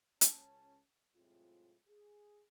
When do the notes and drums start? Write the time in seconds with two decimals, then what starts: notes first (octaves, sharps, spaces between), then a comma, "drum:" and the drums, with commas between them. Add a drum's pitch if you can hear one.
0.21 C#2 C#4 A5, drum: hi-hat
1.16 A2 C3 F#3 G#3 C4 F4
1.88 G#4